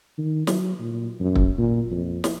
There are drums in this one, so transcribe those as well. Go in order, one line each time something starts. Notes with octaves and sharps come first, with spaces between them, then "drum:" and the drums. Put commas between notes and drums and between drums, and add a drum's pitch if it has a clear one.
D#3
F#3, drum: snare
A#2
F#2
drum: kick
A#2
F2
drum: snare